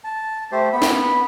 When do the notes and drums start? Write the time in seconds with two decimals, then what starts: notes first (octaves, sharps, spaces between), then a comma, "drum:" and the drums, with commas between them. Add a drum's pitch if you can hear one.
0.04 A5
0.52 A3 G4 C5
0.73 B3 B5
0.82 drum: snare